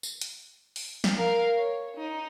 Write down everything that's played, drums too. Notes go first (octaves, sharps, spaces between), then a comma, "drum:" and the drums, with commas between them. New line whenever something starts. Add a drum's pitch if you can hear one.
drum: tambourine
drum: hi-hat
drum: open hi-hat
drum: snare
A#4 F5
C#5
D#4